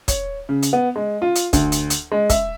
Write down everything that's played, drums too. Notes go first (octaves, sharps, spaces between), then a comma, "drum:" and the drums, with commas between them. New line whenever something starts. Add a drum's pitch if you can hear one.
C#5, drum: kick, hi-hat
C#3
drum: hi-hat
B3
G#3
F4
drum: hi-hat
D2, drum: kick, hi-hat
drum: hi-hat
drum: hi-hat
G#3
E5, drum: kick, hi-hat